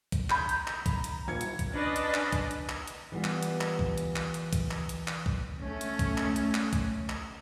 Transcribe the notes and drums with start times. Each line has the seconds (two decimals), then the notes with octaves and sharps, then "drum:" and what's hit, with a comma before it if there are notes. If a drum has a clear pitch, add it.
0.12 drum: kick B1, hi-hat
0.30 B5 G6 G#6, drum: clap
0.49 A#5, drum: hi-hat
0.67 drum: clap
0.86 drum: kick B1, hi-hat
1.04 drum: hi-hat
1.28 D#1 G#6 C#7
1.41 drum: hi-hat
1.59 drum: kick B1, hi-hat
1.71 C#4 D4 B4 D5 D#5
1.96 drum: hi-hat
2.14 drum: clap
2.32 drum: kick B1, hi-hat
2.51 drum: hi-hat
2.69 drum: clap
2.88 drum: hi-hat
3.12 E3 G3 B3 F4
3.24 drum: clap
3.43 drum: hi-hat
3.61 drum: clap
3.79 drum: kick B1
3.98 drum: hi-hat
4.16 drum: clap
4.34 drum: hi-hat
4.53 drum: kick B1, hi-hat
4.71 drum: clap
4.89 drum: hi-hat
5.08 drum: clap
5.26 drum: kick B1
5.60 A3 C#4
5.81 drum: hi-hat
5.99 drum: kick B1, hi-hat
6.18 drum: clap
6.36 drum: hi-hat
6.54 drum: clap
6.73 drum: kick B1, hi-hat
7.09 drum: clap